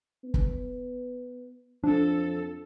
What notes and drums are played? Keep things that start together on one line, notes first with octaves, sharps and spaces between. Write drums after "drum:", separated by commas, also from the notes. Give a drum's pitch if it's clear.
B3
drum: kick
F2 F3 D4 A4